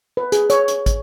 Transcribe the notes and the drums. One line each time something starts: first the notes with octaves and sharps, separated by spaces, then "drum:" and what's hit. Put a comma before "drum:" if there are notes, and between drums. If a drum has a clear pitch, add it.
B4
G#4, drum: hi-hat
C#5, drum: hi-hat
drum: hi-hat
drum: kick, hi-hat